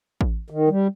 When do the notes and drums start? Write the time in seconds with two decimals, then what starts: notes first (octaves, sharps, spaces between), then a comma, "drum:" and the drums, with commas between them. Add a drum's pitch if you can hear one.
0.21 drum: kick A1
0.50 D#3
0.69 G3